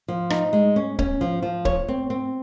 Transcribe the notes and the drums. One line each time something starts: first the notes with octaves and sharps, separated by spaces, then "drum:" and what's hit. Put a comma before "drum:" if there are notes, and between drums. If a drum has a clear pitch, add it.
F3
D#4, drum: rim click
G#3
C#4
C#4, drum: kick C#1
F3
F3
C#5, drum: kick C#1
C4
C4